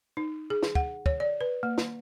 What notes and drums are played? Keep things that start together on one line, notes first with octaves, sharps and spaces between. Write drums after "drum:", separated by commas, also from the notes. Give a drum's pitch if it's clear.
D#4
G#4
drum: snare
F#5, drum: kick
C#5, drum: kick
D5
B4
A#3
drum: snare